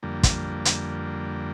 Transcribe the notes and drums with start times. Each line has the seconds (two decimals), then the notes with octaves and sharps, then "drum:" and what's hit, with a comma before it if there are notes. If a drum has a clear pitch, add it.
0.03 F2 D3 G3 A#3
0.23 drum: kick, hi-hat
0.65 drum: hi-hat